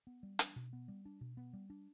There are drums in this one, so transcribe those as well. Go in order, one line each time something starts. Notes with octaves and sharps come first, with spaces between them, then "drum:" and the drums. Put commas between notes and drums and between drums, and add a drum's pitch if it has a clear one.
B3
G3
D4, drum: hi-hat
B2
B3
G3
D4
B2
B3
G3
D4